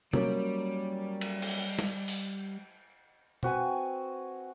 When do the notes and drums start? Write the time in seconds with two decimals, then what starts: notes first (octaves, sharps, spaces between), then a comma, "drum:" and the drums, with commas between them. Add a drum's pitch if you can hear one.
0.13 F#3 G3 A#3 C#4, drum: tom
1.21 drum: cymbal
1.42 drum: cymbal
1.79 drum: snare
2.08 drum: open hi-hat
3.43 C4 F#4 B4 G#5, drum: tom